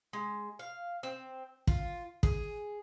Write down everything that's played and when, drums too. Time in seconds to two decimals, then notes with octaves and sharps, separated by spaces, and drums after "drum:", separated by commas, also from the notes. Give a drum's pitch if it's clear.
0.13 G#3
0.59 F5
1.03 C4
1.67 F4, drum: kick
2.23 G#4, drum: kick